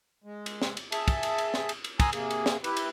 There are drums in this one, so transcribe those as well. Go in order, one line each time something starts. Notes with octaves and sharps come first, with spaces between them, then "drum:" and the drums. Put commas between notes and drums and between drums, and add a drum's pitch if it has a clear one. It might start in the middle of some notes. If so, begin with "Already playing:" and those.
G#3
drum: cymbal
drum: snare
drum: cymbal
G#4 E5 A5, drum: cymbal
drum: kick, cymbal
drum: cymbal
drum: cymbal
drum: snare
drum: cymbal
drum: cymbal
G#5 A#5 C6 D#6 E6 F#6, drum: kick, cymbal
C3 A#3 G#4, drum: cymbal
drum: cymbal
drum: snare
E4 G4 B4, drum: cymbal
drum: cymbal